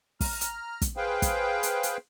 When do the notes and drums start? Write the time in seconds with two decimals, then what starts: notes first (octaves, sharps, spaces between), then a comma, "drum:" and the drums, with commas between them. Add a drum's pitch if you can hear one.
0.21 A#5 F6, drum: kick, open hi-hat
0.41 drum: hi-hat
0.82 drum: kick, hi-hat
0.97 G#4 B4 C5 F5 G5
1.22 drum: kick, hi-hat
1.63 drum: hi-hat
1.83 drum: hi-hat